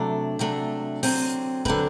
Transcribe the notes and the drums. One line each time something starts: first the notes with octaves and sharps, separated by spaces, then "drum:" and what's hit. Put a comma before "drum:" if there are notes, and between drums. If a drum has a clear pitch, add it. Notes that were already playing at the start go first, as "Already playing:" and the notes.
Already playing: C3 F#3 A3 D4 D5
C3 F#3 A3 D4
D3 F#3 C4, drum: open hi-hat
D3 F#3 C4 B4, drum: kick